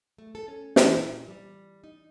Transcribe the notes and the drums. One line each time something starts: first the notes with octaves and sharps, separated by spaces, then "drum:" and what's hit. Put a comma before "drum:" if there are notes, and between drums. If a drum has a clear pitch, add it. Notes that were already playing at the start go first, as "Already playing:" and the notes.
A3
A4
C#4
E3, drum: snare
A#2
G3
D#4